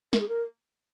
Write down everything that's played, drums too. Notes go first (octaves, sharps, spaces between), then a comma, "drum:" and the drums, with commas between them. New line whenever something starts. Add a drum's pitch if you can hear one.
A#4, drum: snare
G#4
A#4